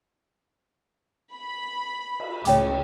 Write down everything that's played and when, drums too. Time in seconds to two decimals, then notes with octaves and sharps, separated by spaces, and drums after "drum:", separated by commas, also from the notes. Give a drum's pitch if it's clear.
1.34 B5
2.20 drum: cymbal
2.45 C#2 A2 C#3 C#5 G5 D6, drum: hi-hat